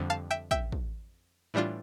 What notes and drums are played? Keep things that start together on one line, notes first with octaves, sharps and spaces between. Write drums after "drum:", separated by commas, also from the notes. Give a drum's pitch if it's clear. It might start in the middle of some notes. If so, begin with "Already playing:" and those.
Already playing: F2 D3 G3
F5 A5
E5 G5
E5 G5, drum: kick
drum: kick
A2 E3 G3 D4 F4